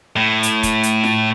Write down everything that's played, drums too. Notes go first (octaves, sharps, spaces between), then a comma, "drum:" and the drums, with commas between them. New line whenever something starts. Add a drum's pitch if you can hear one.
A2
drum: hi-hat
drum: kick, hi-hat
drum: hi-hat
drum: snare F4